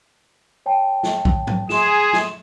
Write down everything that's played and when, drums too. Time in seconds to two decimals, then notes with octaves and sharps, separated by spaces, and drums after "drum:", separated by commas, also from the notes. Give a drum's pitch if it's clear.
0.66 C#5 G5 A5
1.03 drum: snare
1.25 drum: kick
1.47 drum: tom G#2
1.69 G#4 C6 E7, drum: snare
2.13 drum: snare